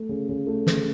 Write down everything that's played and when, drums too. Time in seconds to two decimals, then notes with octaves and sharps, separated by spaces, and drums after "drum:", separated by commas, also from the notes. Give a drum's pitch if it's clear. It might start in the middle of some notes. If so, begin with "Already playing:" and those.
Already playing: A3
0.09 C#3
0.29 C#3
0.47 A3
0.67 C#3, drum: snare